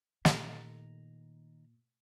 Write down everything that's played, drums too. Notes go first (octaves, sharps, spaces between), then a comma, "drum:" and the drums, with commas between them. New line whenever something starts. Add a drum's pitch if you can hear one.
A#2 D#3 A3 G4 A#5, drum: snare